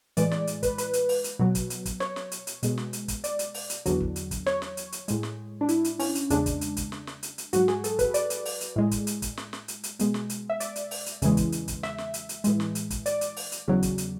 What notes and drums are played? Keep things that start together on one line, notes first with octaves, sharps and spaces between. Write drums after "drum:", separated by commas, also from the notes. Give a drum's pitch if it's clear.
A2 E3 G#3 D5, drum: hi-hat
D5, drum: snare
drum: hi-hat
B4, drum: kick, hi-hat
B4, drum: hi-hat
drum: hi-hat
drum: open hi-hat
drum: hi-hat
B2 F#3
drum: kick, hi-hat
drum: hi-hat
drum: kick, hi-hat
C#5, drum: snare
drum: snare
drum: hi-hat
drum: hi-hat
B2 G#3, drum: hi-hat
drum: snare
drum: hi-hat
drum: kick, hi-hat
D5, drum: hi-hat
drum: hi-hat
drum: open hi-hat
drum: hi-hat
E2 D3 F#3, drum: hi-hat
drum: kick
drum: hi-hat
drum: kick, hi-hat
C#5, drum: snare
drum: snare
drum: hi-hat
drum: hi-hat
A2 G#3, drum: hi-hat
drum: snare
D4
E4, drum: hi-hat
drum: hi-hat
C#4, drum: open hi-hat
drum: hi-hat
E2 C#3 G#3 D4, drum: hi-hat
drum: kick, hi-hat
drum: hi-hat
drum: kick, hi-hat
drum: snare
drum: snare
drum: hi-hat
drum: hi-hat
G#2 F#3 F#4, drum: hi-hat
G#4, drum: snare
A4, drum: hi-hat
B4, drum: kick, hi-hat
D5, drum: hi-hat
drum: hi-hat
drum: open hi-hat
drum: hi-hat
A2 G#3
drum: kick, hi-hat
drum: hi-hat
drum: kick, hi-hat
drum: snare
drum: snare
drum: hi-hat
drum: hi-hat
B2 G#3, drum: hi-hat
drum: snare
drum: hi-hat
E5
D5, drum: hi-hat
drum: hi-hat
drum: open hi-hat
drum: hi-hat
E2 C#3 E3 G#3, drum: hi-hat
drum: kick, hi-hat
drum: hi-hat
drum: kick, hi-hat
E5, drum: snare
drum: snare
drum: hi-hat
drum: hi-hat
A2 E3 G#3, drum: hi-hat
drum: snare
drum: hi-hat
drum: kick, hi-hat
D5, drum: hi-hat
drum: hi-hat
drum: open hi-hat
drum: hi-hat
E2 C#3 F#3
drum: kick, hi-hat
drum: hi-hat